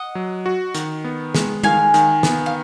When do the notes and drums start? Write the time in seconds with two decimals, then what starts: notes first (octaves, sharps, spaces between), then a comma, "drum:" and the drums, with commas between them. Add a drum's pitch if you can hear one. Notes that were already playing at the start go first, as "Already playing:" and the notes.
Already playing: D#5 F#5
0.15 F#3
0.46 F#4
0.75 D#3, drum: hi-hat
1.04 B3
1.35 G#3, drum: snare
1.63 D#3 F5 G#5, drum: tom G3
1.94 D#3, drum: hi-hat
2.23 B3, drum: snare
2.46 F5